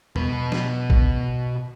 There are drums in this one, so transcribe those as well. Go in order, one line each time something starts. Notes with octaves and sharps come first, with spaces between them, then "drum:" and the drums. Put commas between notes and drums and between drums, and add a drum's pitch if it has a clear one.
B2 B4, drum: tom E2
drum: snare
drum: kick